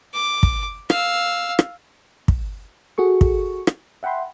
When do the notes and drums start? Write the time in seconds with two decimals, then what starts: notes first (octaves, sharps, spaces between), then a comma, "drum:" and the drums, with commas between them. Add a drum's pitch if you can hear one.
0.14 D6
0.43 drum: kick
0.90 F5 E6, drum: rim click
1.59 drum: rim click
2.28 drum: kick
2.98 F#4 G#4 A4 C#6
3.21 drum: kick
3.67 drum: rim click
4.03 E5 F#5 G5 B5 C6